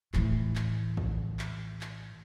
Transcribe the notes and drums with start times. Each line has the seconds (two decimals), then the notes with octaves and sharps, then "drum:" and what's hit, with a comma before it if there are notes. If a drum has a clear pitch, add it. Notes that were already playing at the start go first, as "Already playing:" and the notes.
0.14 A2 E3, drum: clap
0.55 drum: clap
0.97 drum: kick A#1
1.39 drum: clap
1.81 drum: clap